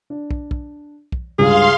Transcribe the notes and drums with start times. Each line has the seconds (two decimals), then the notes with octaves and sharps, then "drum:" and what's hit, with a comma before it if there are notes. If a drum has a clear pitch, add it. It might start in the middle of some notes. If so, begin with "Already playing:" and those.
0.10 D4
0.31 drum: kick
0.51 drum: kick
1.12 drum: kick
1.39 C#2 G2 G#4 F5 C6